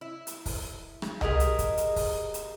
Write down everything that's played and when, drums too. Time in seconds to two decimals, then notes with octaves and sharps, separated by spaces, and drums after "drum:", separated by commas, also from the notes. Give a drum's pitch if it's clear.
0.01 E4
0.27 drum: hi-hat
0.46 drum: kick, open hi-hat
1.02 drum: rim click
1.21 G4 G#4 A#4 D#5, drum: tom C2
1.40 drum: hi-hat
1.59 drum: kick, hi-hat
1.77 drum: hi-hat
1.96 drum: kick, open hi-hat
2.34 drum: hi-hat